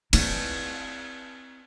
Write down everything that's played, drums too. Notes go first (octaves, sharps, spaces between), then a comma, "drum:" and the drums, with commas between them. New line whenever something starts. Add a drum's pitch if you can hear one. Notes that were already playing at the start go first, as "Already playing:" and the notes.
C4 E4, drum: cymbal